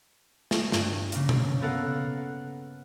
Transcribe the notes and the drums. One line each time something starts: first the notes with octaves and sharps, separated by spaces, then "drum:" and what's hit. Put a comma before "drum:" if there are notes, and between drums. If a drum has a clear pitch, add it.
drum: snare
G2, drum: snare
C#3 A#3, drum: hi-hat
drum: tom B2
B3 A4 A#4 F5 F#5